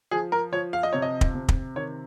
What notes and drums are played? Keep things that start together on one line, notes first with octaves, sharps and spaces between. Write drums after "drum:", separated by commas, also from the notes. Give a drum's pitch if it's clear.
F3 G#4
A#4
F3 C#5
F5
D#5
C3 C#5
D#5
drum: kick
C3
drum: kick
D#3 C#5